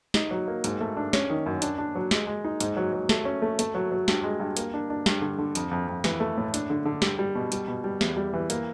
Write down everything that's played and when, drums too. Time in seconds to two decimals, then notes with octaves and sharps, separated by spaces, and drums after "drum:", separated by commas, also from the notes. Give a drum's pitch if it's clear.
0.14 D#4, drum: snare
0.31 F#3
0.48 A#3
0.64 G#2, drum: hi-hat
0.81 A3
0.97 D4
1.13 C#4, drum: snare
1.30 D#3
1.46 F#2
1.62 D4, drum: hi-hat
1.78 D4
1.95 F#3
2.11 G#3, drum: snare
2.27 G#3
2.45 D#4
2.60 G#2, drum: hi-hat
2.77 F#3
2.93 F#3
3.09 A3, drum: snare
3.25 C#4
3.42 A3
3.59 A3, drum: hi-hat
3.75 F#3
3.92 F#3
4.08 G2, drum: snare
4.23 G#3
4.40 G2
4.57 A#3, drum: hi-hat
4.74 D4
4.90 D4
5.06 G2, drum: snare
5.22 D3
5.38 D3
5.55 F2, drum: hi-hat
5.71 F2
5.87 F2
6.04 E3, drum: snare
6.20 A3
6.37 A2
6.54 D4, drum: hi-hat
6.70 D3
6.85 D3
7.02 G3, drum: snare
7.19 G3
7.35 B2
7.52 G3, drum: hi-hat
7.68 B2
7.84 G3
8.01 E2, drum: snare
8.17 G3
8.34 E3
8.50 A#3, drum: hi-hat